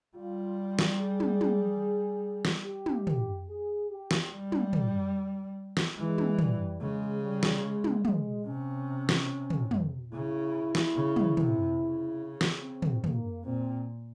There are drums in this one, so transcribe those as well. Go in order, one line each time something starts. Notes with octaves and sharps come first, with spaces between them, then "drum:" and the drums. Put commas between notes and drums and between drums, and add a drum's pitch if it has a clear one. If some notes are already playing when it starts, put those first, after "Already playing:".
G3 F4
drum: snare
G#4
drum: tom
drum: tom
drum: snare
G4
drum: tom
drum: tom
G#4
G4
drum: snare
G3
drum: tom
drum: tom
drum: snare
E3 G#3
drum: tom
G3, drum: tom
C#3 G#3
G3
drum: snare
G#3
drum: tom
G#3, drum: tom
C3 C#4
drum: snare
drum: tom
drum: tom
C#3 E4
drum: snare
C#3
drum: tom
C3, drum: tom
C#3
drum: snare
C4
drum: tom
A#3, drum: tom
A#2 C4